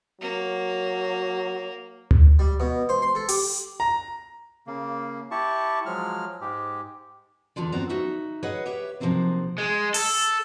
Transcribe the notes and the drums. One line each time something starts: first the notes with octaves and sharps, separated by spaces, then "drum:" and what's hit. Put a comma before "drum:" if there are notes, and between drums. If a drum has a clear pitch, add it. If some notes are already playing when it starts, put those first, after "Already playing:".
F#3 A#3
drum: tom D2
G3
B2
C5
C6
A4
G4, drum: open hi-hat
A#5
C#3 A#3
E4 G4 A5 C#6
F3 F#3 G#3 F6
G#2 G#3 G4
E2 D3 F4 D5
F#2 F3 B3 C4 F#4 A#5
D#4 F#4 E5
G#4 B4 C#5 D#5 F#5
G4 B4 C#5 E5
C3 F3 F#3 A#3 C4 D#4
G#3
A4, drum: open hi-hat